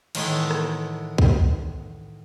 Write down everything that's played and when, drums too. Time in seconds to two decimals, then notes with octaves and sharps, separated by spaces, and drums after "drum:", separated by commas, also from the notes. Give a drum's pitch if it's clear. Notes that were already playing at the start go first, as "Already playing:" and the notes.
0.15 A2 D#3 E3 G#3 A3 B3, drum: cymbal
0.51 drum: rim click
1.18 drum: kick